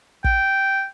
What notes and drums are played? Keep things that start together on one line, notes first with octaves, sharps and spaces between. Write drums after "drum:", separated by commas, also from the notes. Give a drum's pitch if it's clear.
G5, drum: kick